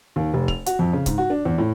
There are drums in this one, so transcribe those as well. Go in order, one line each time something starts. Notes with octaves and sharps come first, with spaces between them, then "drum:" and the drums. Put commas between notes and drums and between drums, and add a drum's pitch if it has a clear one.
D#2
F1
F7, drum: kick C#1
F#4, drum: hi-hat
F2
C#3
G#2, drum: kick C#1, hi-hat
F#4
D4
E2
A2